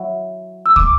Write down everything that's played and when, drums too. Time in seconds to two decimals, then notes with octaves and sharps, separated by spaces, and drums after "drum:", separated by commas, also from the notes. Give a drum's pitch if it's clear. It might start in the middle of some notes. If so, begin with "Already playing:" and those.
Already playing: F#3 E4
0.66 E6
0.76 D6, drum: kick